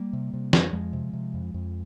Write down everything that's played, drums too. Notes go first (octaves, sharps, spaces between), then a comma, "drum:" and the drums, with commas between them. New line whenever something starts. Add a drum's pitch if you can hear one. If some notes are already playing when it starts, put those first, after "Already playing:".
Already playing: G3 A#3
C3
C3
F2, drum: snare
F2 F3 G#3
C3
C3
F2
F2